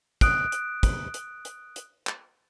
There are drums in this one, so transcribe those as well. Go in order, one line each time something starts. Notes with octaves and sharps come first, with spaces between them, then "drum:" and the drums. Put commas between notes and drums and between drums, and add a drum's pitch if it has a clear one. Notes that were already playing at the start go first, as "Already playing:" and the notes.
D#6 F#6 D7, drum: kick, hi-hat
drum: hi-hat
drum: kick, hi-hat
drum: hi-hat
drum: hi-hat
drum: hi-hat
drum: clap